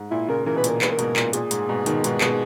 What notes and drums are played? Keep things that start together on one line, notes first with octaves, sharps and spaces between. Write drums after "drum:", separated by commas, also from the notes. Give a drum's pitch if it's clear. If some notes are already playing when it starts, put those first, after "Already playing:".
Already playing: G#2
A#2 E4
A#2 C#3 A#4
C#3 E3 A#4
B2 B4
A#2, drum: hi-hat
A#4
A#2 B4, drum: clap
A#4
G#2 B2, drum: hi-hat
A#2, drum: clap
A#2 G#4, drum: hi-hat
G#2, drum: hi-hat
G#2 B2
B2 D#3, drum: hi-hat
G#2 B2, drum: hi-hat
B2 D#3, drum: clap